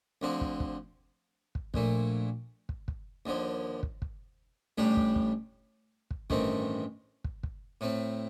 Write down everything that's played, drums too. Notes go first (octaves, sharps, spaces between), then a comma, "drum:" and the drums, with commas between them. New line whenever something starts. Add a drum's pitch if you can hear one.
D2 D3 F3 C4
drum: kick
drum: kick
drum: kick
A#1 A#2 A3, drum: kick
drum: kick
drum: kick
D#2 D3 F3
drum: kick
drum: kick
A1 A2 G3 D4 G4
drum: kick
drum: kick
drum: kick
A1 G2 D#3 A3 C4, drum: kick
drum: kick
drum: kick
A2 A3 C4